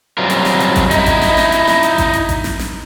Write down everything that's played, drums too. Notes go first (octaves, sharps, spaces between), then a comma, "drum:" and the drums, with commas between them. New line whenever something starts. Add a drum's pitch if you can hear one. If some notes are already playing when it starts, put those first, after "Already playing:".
F#2 F#3 G3 C4 F4 A#4
drum: hi-hat
drum: snare
drum: hi-hat
drum: kick A1, hi-hat
D#4 E4, drum: hi-hat
drum: kick A1, hi-hat
drum: snare
drum: snare
drum: hi-hat
drum: snare
drum: hi-hat
drum: kick A1, hi-hat
drum: hi-hat
drum: kick A1, hi-hat
drum: snare
drum: snare